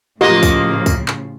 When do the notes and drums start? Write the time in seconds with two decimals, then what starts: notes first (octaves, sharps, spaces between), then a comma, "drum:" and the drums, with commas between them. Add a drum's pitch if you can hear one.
0.21 A2 C#3 F3 A#3 F4 G4 D#5
0.43 drum: kick C#2, tambourine
0.86 drum: kick C#2, tambourine
1.08 drum: clap